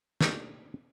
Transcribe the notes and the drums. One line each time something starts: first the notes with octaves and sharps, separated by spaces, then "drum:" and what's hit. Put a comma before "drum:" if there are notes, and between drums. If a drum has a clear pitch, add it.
A3 A#3 D4 D#4 G4, drum: snare